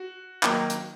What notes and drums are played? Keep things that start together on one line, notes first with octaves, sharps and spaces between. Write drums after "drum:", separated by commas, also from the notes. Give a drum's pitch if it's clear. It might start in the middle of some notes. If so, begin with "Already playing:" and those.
Already playing: F#4
D#3 F#3 A#3, drum: clap
drum: hi-hat